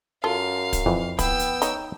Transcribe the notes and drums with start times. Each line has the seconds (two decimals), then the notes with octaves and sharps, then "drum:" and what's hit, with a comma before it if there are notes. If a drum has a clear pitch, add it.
0.24 F#2 F4 A4 F5
0.73 drum: kick, hi-hat
0.86 F2 E3
1.19 B3 E4 G5 E6, drum: kick, hi-hat
1.39 drum: hi-hat
1.62 D#4 C#5, drum: hi-hat